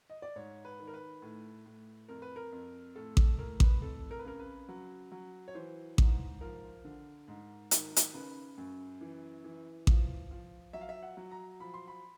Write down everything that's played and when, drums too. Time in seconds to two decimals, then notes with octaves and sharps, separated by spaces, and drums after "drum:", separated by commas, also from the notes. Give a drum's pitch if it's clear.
0.10 D#5
0.22 D5
0.36 G#2 C#5
0.65 B4
0.79 D#3
0.88 A#4
0.94 B4
1.22 A2
1.66 A2
2.08 F2 A#4
2.22 B4
2.36 A#4
2.52 F2
2.95 A2 A4
3.17 A4, drum: kick A1
3.39 A2 A#4
3.60 B4, drum: kick A1
3.82 F2 A4
4.11 A#4
4.19 B4
4.25 C#3 A#4
4.39 B4
4.69 F#3
5.12 F#3
5.48 C#5
5.55 E3 C5
5.98 G#2, drum: kick A1
6.41 F3 A#4
6.84 D3
7.28 G#2
7.71 D#3, drum: hi-hat
7.96 drum: hi-hat
8.14 C#3 B4
8.58 F#2
9.01 E3
9.44 E3
9.87 F3, drum: kick A1
10.31 F3
10.73 F#3 E5
10.81 F5
10.89 E5
11.03 F#5
11.17 F#3
11.31 A#5
11.60 F3 B5
11.74 C6
11.88 B5